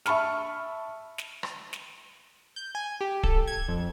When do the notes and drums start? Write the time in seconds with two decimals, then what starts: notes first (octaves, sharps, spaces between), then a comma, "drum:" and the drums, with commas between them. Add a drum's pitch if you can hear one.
0.06 E5 A5 B5 C#6 F6, drum: snare
1.18 drum: snare
1.43 drum: rim click
1.73 drum: snare
2.56 G6
2.75 G#5
3.01 G4
3.23 A4, drum: kick D1
3.47 G#6
3.68 F2